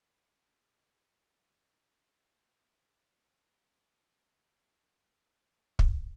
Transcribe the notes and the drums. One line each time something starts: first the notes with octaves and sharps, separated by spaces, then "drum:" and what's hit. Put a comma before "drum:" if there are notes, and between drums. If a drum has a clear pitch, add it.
E4 B4
C#4 E4 G#4 F5 C6
A#4 C5 E5 G#5
D3 E4
drum: kick